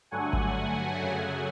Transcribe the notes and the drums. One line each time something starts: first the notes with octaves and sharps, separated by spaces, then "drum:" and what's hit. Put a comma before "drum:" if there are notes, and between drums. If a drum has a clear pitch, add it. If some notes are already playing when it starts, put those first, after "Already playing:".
G2 D3 F#3 A3 F#5 G#5
drum: kick G#1
F#2 C#3 F#3 A3